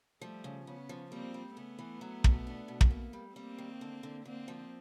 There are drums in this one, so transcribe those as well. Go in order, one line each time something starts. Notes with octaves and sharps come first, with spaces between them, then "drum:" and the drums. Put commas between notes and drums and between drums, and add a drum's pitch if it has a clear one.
F3 G3 A3
C#3
C#3 B3 C#4
F3
G3 A#3 C4
G3
C#3 A3 B3
E3
F#3
B2, drum: kick
D4
B2
drum: kick
A#3
G3
G3 A#3 C4
D#3
D3
D3
D3 A#3 C4
F3